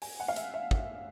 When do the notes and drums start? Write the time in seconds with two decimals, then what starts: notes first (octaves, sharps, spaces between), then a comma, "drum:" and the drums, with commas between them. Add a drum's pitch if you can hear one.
0.02 G#5, drum: open hi-hat
0.20 F#5
0.28 F5
0.36 E5, drum: hi-hat
0.54 E5
0.71 drum: kick